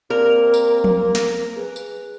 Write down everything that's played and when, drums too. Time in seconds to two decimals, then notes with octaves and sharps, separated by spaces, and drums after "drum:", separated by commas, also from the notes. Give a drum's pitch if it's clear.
0.10 A#3 C4 G4 A#4 D5
0.54 drum: tambourine
0.84 drum: tom F3
1.15 A#6, drum: snare
1.57 G#4 B4
1.76 drum: tambourine